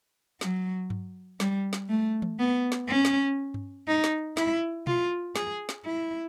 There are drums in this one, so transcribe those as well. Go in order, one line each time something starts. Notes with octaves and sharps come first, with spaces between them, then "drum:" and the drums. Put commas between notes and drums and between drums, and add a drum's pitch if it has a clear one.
F#3, drum: snare
drum: tom G2
G3, drum: snare
drum: snare
A3
drum: tom E3
B3
drum: snare
C#4
drum: snare
drum: tom G2
D#4
drum: snare
E4, drum: snare
F4, drum: tom B2
G#4, drum: snare
drum: snare
E4